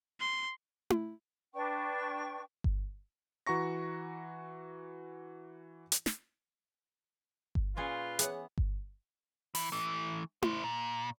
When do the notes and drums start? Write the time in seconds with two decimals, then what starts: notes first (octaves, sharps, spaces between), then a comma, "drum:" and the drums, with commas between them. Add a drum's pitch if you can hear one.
0.20 C6
0.90 drum: tom E4
1.54 D4 B4 G5 C#6
2.64 drum: kick G1
3.47 E3 F#4 A#5 C#6 A#6
5.92 drum: hi-hat
6.06 drum: snare
7.55 drum: kick G1
7.77 A#2 C#4 F4 G#4 B4 C6
8.19 E3 B3 G#4 C#5 F#5, drum: hi-hat
8.58 drum: kick G1
9.55 E3, drum: open hi-hat
9.72 E3 A3
10.42 E4 C5, drum: tom E4
10.64 A#2